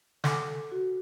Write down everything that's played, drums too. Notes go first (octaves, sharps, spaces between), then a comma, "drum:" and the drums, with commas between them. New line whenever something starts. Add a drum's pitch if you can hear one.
A4 F#5 G#5 D6, drum: snare
F#4